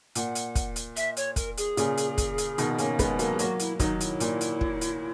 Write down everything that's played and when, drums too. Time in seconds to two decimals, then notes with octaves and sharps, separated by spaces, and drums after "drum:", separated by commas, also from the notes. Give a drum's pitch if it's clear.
0.15 A#2 F#5, drum: hi-hat
0.35 drum: hi-hat
0.55 drum: kick, hi-hat
0.76 drum: hi-hat
0.96 E5, drum: hi-hat
1.17 C#5, drum: hi-hat
1.36 A#4, drum: kick, hi-hat
1.57 G#4, drum: hi-hat
1.77 A#2 C#3, drum: hi-hat
1.97 drum: hi-hat
2.18 drum: kick, hi-hat
2.38 drum: hi-hat
2.58 B2 D#3, drum: hi-hat
2.78 A#3 C#4, drum: hi-hat
2.99 G#3 B3, drum: kick, hi-hat
3.19 F#3 A#3, drum: hi-hat
3.32 G#4
3.39 F#3 A#3 F#4, drum: hi-hat
3.59 E4, drum: hi-hat
3.80 D#3 F#3 D#4, drum: kick, hi-hat
4.00 E4, drum: hi-hat
4.20 A#2, drum: hi-hat
4.41 drum: hi-hat
4.61 drum: kick
4.81 drum: hi-hat